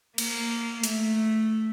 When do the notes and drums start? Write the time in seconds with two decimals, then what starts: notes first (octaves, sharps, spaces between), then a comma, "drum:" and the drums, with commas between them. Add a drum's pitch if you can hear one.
0.18 A#3, drum: cymbal
0.84 A3, drum: hi-hat